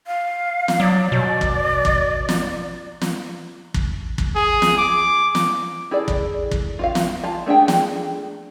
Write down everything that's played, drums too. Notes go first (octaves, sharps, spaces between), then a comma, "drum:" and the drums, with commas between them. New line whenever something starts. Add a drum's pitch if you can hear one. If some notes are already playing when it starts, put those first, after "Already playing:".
F5
drum: snare
F#3 D5
B2
drum: kick
drum: kick
drum: snare
drum: snare
drum: kick
drum: kick
G#4
drum: snare
D6
drum: snare
E4 G#4 A4 D5
drum: kick
drum: kick
F4 F#4 F5
drum: snare
F4 A5
A3 D4 G#4 G5
drum: snare